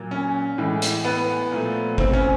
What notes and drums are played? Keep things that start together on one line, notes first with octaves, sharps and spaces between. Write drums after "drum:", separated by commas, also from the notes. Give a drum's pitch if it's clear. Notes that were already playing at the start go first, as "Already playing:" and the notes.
Already playing: A#2 F#3 A#3
C#4
A2 E3 G#3
drum: hi-hat
B3
A#2 F3 A3
C4, drum: kick
C#4